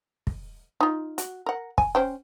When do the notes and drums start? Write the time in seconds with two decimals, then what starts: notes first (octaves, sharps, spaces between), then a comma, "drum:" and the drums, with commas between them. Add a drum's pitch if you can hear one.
0.27 drum: kick
0.81 D#4 F4
1.18 F#4, drum: hi-hat
1.46 A#4 F#5
1.78 G#5, drum: kick
1.95 C#4 C5 G5